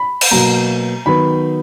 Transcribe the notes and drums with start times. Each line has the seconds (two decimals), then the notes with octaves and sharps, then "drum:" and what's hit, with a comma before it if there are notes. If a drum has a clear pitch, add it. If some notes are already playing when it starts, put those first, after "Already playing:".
Already playing: B5
0.21 drum: cymbal
0.31 B2 F#3 A#3 A#5
1.06 D#3 F#3 B3 B5